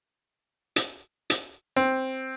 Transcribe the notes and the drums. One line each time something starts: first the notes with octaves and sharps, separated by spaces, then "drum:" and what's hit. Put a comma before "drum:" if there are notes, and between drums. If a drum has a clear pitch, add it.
drum: hi-hat
drum: hi-hat
C4